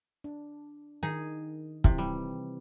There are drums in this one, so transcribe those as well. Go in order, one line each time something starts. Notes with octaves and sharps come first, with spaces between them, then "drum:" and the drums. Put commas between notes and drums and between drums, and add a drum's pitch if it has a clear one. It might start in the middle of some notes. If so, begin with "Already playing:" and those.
D4
D#3 D#4 G#4
C3 E3, drum: kick
G3